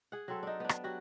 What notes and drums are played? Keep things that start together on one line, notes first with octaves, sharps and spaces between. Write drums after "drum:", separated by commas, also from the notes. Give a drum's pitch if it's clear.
G#4 F#5
F#3 C4 A4
D4 D#4
B3 D4
drum: rim click
F#3 F#4 G4